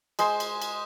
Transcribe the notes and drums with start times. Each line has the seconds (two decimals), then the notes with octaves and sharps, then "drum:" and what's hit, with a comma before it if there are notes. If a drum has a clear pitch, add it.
0.19 G#3 C5 C6, drum: cymbal
0.40 drum: cymbal
0.62 drum: cymbal